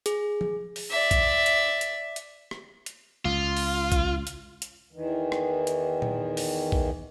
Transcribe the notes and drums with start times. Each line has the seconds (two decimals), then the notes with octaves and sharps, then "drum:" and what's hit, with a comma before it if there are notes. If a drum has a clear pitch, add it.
0.06 G#4, drum: hi-hat
0.41 drum: tom F3
0.76 drum: open hi-hat
0.91 D5 E5
1.11 drum: kick A#1, hi-hat
1.46 drum: hi-hat
1.81 drum: hi-hat
2.16 drum: hi-hat
2.51 drum: rim click
2.86 drum: hi-hat
3.25 C#2 F4
3.57 drum: open hi-hat
3.92 drum: kick A#1, hi-hat
4.27 drum: hi-hat
4.62 drum: hi-hat
4.93 E2 D#3 E3
5.32 drum: rim click
5.67 drum: hi-hat
6.02 drum: tom A#2
6.37 drum: open hi-hat
6.72 drum: kick A#1